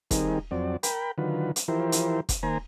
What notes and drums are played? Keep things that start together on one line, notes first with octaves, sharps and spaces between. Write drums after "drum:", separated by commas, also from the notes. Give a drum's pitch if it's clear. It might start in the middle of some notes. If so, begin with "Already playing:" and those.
D#3 G3 C4 D#4 G#4 A#4, drum: kick F1, hi-hat
F2 F#3 C4 D5
A#4 G5 B5, drum: hi-hat
D3 D#3 F#3 F4 B4
drum: hi-hat
E3 F3 E4 G4 A#4 C5
drum: hi-hat
drum: kick F1, hi-hat
D#3 A#3 C5 G#5 A#5